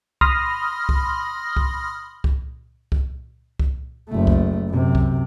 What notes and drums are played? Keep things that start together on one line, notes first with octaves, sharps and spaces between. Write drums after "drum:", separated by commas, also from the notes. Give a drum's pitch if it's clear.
B5 C6 D#6 F6 A#6, drum: kick C2
drum: kick C2
drum: kick C2
drum: kick C2
drum: kick C2
drum: kick C2
F#1 A3
drum: kick C2
F#2 C3
drum: kick C2